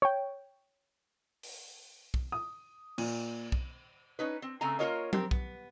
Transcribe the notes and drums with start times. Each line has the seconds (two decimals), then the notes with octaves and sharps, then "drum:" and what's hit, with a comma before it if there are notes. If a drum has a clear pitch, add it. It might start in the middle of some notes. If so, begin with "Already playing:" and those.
0.02 C#5 G5
1.43 drum: open hi-hat
2.14 drum: kick B1
2.32 D#6
2.98 A#2, drum: cymbal
3.52 drum: kick B1
4.19 C#4 D#4 B4
4.42 C4
4.61 C#3 A3 C4 G#5 A#5
4.79 A#3 C#4 F4 A#4 C#5 D#5
5.13 C4 G4 A#4, drum: tom F#3
5.31 B3, drum: kick B1